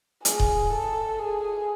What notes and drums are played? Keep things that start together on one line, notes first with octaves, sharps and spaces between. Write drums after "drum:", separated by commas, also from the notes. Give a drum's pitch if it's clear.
G#4, drum: hi-hat
drum: kick D#1
A4
G#4